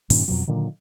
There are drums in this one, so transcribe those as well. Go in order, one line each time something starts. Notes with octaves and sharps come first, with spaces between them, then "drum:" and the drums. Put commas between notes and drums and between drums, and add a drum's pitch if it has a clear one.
G2 A#2 D#3 C#4, drum: open hi-hat
F2 B2 F#3
A#2 D3 D#3 F#3